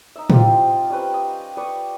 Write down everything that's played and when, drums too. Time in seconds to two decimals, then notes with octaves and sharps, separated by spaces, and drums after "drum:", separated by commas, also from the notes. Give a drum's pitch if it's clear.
0.16 D#4 E5
0.30 C4 F4 G4, drum: tom
0.68 C5
0.90 G3 C#4 B4 G5
1.14 D#5
1.57 B4 D5 C#6 D#6